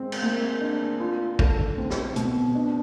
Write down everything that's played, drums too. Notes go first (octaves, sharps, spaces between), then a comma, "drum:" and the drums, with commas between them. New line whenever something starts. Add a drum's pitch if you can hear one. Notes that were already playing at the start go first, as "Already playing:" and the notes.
Already playing: G#3 C4
drum: cymbal
A#3
D4
F4
A4, drum: kick
C4
drum: snare
B2, drum: hi-hat
D4